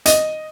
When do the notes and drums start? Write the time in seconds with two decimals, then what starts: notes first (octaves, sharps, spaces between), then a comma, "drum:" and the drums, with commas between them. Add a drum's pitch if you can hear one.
0.06 D#5, drum: hi-hat